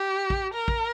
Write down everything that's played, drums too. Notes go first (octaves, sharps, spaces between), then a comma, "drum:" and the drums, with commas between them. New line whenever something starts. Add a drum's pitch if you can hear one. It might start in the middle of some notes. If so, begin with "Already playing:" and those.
Already playing: G4
drum: kick
A#4
drum: kick